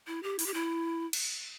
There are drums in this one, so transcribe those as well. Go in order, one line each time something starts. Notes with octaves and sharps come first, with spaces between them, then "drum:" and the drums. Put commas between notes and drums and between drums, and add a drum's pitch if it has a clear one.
E4
G4
E4, drum: open hi-hat
G4
E4
drum: cymbal